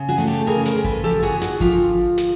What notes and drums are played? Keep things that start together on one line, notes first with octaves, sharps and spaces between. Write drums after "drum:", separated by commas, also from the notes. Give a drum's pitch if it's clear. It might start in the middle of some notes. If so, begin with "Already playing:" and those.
Already playing: C#3
F#4 G#4
A3
G4 A4
C#3 G#4 A#4
A#4 C5, drum: snare
C#3
A4 B4, drum: kick G#1
F3 G4 A4
F#4 G#4
D3
F#4 G#4, drum: snare
F3 F4 G4, drum: kick G#1
drum: snare